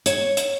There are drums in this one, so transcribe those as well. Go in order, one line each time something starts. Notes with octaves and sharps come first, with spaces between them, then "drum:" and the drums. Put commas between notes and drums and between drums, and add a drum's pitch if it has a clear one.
C#5, drum: hi-hat
drum: hi-hat